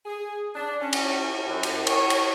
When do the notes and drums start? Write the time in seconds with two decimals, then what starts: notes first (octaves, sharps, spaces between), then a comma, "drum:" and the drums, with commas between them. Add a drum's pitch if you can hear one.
0.05 G#4
0.55 D4
0.80 C#4
0.93 drum: cymbal
1.48 F#2
1.63 drum: cymbal
1.87 C#5, drum: cymbal
2.10 drum: cymbal